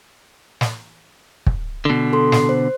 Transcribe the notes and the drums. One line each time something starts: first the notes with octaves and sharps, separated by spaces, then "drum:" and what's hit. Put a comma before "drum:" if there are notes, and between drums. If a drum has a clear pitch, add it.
drum: snare
drum: kick
B2 D3
A4 C6
C7, drum: snare
C5